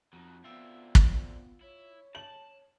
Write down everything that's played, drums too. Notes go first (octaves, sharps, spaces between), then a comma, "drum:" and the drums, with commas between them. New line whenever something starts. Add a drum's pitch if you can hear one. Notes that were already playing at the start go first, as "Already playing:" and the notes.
F2 F#3 D#4
D3 B3 C4 F4 E5
drum: kick
E4 C#5
A5 F#7